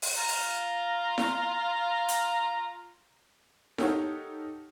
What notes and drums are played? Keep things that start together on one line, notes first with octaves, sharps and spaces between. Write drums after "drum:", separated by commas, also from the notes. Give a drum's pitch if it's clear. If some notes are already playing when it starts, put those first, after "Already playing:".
drum: open hi-hat
F4 F5 A#5
drum: open hi-hat
drum: snare E4
drum: hi-hat
D#4 G4 A4 A#4 C#5 F#5, drum: snare E4